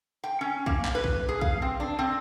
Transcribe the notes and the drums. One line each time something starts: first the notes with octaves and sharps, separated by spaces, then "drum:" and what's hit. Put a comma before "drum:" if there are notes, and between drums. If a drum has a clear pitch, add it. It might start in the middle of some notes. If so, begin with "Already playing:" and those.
G5
C#4
A#3, drum: kick
drum: clap
B4
drum: kick
G#4
F5, drum: kick
C4
D4
C4